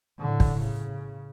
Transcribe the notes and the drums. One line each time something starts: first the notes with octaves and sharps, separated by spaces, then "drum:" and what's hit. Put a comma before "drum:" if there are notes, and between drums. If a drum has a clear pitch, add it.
A2 D3
drum: kick
C#3